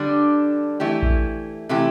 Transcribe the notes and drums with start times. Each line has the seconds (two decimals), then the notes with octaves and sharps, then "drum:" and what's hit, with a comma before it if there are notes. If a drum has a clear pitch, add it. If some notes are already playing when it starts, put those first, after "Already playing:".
Already playing: D3 G3 D4
0.80 E3 A3 E4 G4
1.02 drum: kick A1
1.69 C3 E3 A3 E4 G4